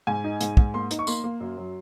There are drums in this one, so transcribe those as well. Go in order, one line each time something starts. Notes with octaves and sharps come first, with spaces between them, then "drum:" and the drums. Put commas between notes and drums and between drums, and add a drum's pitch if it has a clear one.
G#2 G#5
D#4
G#2, drum: hi-hat
G#2, drum: kick
A#3 C6
D#4, drum: hi-hat
C#6
A#3 C6, drum: tambourine
A#3
F#2
F#3